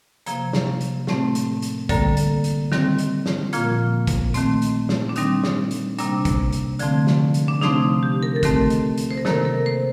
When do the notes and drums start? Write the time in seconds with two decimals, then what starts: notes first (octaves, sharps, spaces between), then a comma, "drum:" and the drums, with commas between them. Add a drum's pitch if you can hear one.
0.26 C3 F3 A#3, drum: hi-hat
0.53 drum: snare
0.81 drum: hi-hat
1.07 A2 A3 C4, drum: snare
1.35 drum: hi-hat
1.62 drum: hi-hat
1.89 D3 G3 A#3 A4, drum: kick, hi-hat
2.17 drum: hi-hat
2.44 drum: hi-hat
2.72 D#3 G3 C4, drum: snare
2.99 drum: hi-hat
3.26 drum: snare
3.53 A#2 F3 A#3 F4, drum: hi-hat
4.07 drum: kick, hi-hat
4.34 D#3 A3 C4, drum: hi-hat
4.62 drum: hi-hat
4.89 drum: snare
5.09 D4
5.16 D#3 G3 C4 D#4, drum: hi-hat
5.44 drum: snare
5.71 drum: hi-hat
5.99 C3 G3 A#3 D4, drum: hi-hat
6.25 drum: kick, hi-hat
6.53 drum: hi-hat
6.79 D3 F3 A3 C4, drum: hi-hat
7.07 drum: snare
7.34 drum: hi-hat
7.48 D4
7.61 C3 F3 A3 C4 D#4, drum: snare
7.82 D#4
8.03 G4
8.23 A#4
8.36 A4
8.43 D#3 A3 C4 A#4, drum: kick, hi-hat
8.70 drum: hi-hat
8.98 drum: hi-hat
9.11 C5
9.18 A#4
9.25 C3 D#3 A#3 A4, drum: snare
9.45 A#4
9.66 C5